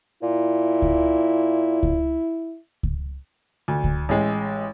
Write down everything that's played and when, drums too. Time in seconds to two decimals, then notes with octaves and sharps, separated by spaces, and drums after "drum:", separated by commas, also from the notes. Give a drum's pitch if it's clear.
0.23 A#2 E4
0.82 drum: kick C#2
1.83 drum: kick C#2
2.83 drum: kick C#2
3.68 D2
3.84 drum: kick C#2
4.09 A1 G#3